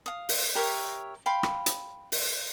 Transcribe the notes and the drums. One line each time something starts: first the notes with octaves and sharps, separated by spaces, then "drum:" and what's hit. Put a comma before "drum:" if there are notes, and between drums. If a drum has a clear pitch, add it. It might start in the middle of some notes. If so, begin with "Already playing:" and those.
F5 D#6
drum: open hi-hat
G4 A#4 C#5 E5
F5 G5 B5 C6
drum: rim click
drum: hi-hat
drum: open hi-hat